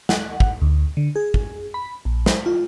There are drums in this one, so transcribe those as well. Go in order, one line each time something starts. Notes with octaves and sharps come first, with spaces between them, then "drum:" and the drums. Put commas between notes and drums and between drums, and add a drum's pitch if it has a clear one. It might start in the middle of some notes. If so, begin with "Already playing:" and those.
F#5, drum: snare
drum: kick
D2
D3
G#4
drum: kick
B5
A#1
C5, drum: snare
F4